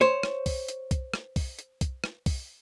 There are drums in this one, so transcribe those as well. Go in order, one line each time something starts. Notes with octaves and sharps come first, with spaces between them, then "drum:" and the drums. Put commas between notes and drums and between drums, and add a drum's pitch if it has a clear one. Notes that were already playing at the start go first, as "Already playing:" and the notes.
C5 C#5
drum: rim click
drum: kick, open hi-hat
drum: hi-hat
drum: kick, hi-hat
drum: rim click
drum: kick, open hi-hat
drum: hi-hat
drum: kick, hi-hat
drum: rim click
drum: kick, open hi-hat